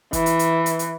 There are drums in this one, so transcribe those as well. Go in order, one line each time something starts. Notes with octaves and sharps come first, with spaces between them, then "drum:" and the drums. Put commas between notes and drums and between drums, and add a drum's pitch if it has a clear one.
E3, drum: kick, hi-hat
drum: hi-hat
drum: hi-hat
drum: hi-hat
drum: hi-hat